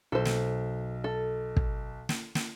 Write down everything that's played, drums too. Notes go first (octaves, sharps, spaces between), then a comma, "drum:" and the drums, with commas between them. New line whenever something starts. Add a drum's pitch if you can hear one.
B1 A4 C5
drum: snare
A4
drum: kick
drum: snare
drum: snare